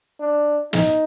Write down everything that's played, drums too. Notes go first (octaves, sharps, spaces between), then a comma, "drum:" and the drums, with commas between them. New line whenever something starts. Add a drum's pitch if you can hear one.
D4
D#4, drum: snare